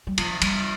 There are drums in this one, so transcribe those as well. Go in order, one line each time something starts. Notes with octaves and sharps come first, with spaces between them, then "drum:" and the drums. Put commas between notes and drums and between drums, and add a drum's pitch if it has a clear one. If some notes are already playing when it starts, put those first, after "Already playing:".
G3
F3, drum: cymbal
G3, drum: cymbal